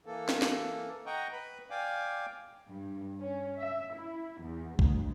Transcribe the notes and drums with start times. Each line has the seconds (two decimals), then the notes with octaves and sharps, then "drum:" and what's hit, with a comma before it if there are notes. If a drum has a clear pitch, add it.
0.06 E3 A#3 A4
0.29 drum: snare
0.42 drum: snare
1.06 D#5 F#5 G5 A#5 C#6
1.32 B4 B5
1.70 D5 F5 G5 G#5 D6
2.68 G2
3.21 C#4
3.59 E5
3.95 E4
4.41 E2
4.79 D2, drum: kick